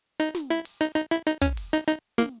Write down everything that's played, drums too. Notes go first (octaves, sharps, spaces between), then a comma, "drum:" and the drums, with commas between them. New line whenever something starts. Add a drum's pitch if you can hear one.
D#4, drum: hi-hat
drum: snare
E4, drum: hi-hat
drum: open hi-hat
D#4, drum: hi-hat
D#4
E4, drum: hi-hat
D#4, drum: hi-hat
C#4, drum: kick, hi-hat
drum: open hi-hat
D#4
D#4, drum: hi-hat
A#3, drum: snare